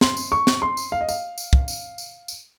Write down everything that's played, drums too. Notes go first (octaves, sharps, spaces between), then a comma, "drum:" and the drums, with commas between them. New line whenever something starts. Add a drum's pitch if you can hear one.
C6, drum: snare
drum: tambourine
C#6
drum: snare
C6
drum: tambourine
F5
D#5
F5, drum: tambourine
drum: tambourine
drum: kick
drum: tambourine
drum: tambourine
drum: tambourine